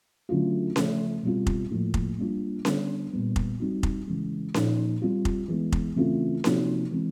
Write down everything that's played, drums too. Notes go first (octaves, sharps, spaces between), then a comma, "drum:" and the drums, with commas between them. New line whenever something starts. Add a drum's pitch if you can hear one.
D3 F#3 A3 C#4 F4
C#3 F3 A3, drum: snare C#4
B2 G3 C4 F4
drum: kick F1
A2 F3 A#3
drum: kick F1
G3 A#3 D4 F4
D3 G3 B3 D4, drum: snare C#4
A#2 G3 B3
drum: kick F1
G3 C4 D#4 F#4
drum: kick F1
C#3 E3 G#3
A#2 F3 A#3 D#4, drum: snare C#4
G3 C4 F4
drum: kick F1
E3 G#3 B3
drum: kick F1
C#3 E3 A3 C4 F4
C3 F3 A#3 D#4 F#4, drum: snare C#4
E3 G#3 C4